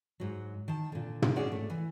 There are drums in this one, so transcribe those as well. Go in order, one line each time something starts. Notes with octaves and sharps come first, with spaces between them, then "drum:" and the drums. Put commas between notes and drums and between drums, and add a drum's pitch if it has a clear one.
G#2 F#3
D#3 A5
A#2 D3
drum: tom
G#3 C#4 D4 F#4 G#4 D5
A3
E3